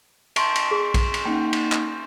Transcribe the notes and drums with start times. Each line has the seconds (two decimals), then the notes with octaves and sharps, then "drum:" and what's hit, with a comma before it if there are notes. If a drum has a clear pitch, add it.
0.36 E5 A5 C6 C#6 D7, drum: cymbal
0.56 drum: cymbal
0.71 G#4 B6
0.94 drum: kick A#1, cymbal
1.14 drum: cymbal
1.25 A#3 C#4 D#4 F#5 G5
1.53 drum: cymbal
1.72 drum: clap